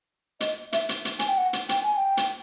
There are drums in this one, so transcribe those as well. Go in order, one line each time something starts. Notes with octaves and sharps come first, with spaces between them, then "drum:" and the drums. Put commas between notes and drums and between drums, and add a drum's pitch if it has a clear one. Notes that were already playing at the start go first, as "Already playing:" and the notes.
D#5, drum: hi-hat
E5, drum: hi-hat
drum: hi-hat
drum: hi-hat
G#5, drum: hi-hat
G5
F#5
drum: hi-hat
G5, drum: hi-hat
G#5
G5
drum: hi-hat